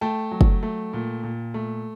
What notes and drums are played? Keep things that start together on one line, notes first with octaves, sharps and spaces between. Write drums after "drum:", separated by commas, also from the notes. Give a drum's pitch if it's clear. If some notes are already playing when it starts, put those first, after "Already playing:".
A3 G5 A5
F#3
drum: kick
A3
A#2
A#2
A3